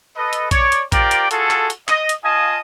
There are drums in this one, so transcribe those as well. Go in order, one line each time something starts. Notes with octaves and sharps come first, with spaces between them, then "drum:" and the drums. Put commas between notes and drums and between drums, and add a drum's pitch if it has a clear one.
A4 B4 D#5
drum: hi-hat
C#5 D5, drum: kick A#1, hi-hat
drum: hi-hat
F4 G4 A#4 C5 D5 G5, drum: kick A#1, hi-hat
drum: hi-hat
F4 F#4 G#4 A4, drum: hi-hat
drum: clap
drum: hi-hat
D#5, drum: clap
drum: hi-hat
F4 D#5 F5 G#5 A5 D#6